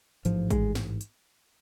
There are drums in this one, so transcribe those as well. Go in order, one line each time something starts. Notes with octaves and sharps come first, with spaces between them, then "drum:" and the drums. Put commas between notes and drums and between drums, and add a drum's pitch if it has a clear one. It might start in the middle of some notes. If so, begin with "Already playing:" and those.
A1 G#2 F3, drum: hi-hat
G#3, drum: kick G#1, hi-hat
drum: snare
drum: hi-hat